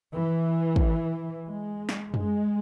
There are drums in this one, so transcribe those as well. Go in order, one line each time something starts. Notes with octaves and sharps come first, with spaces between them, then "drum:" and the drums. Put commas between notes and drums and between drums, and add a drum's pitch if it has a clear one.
E3
drum: kick
G#3
drum: snare
G#3, drum: tom F#2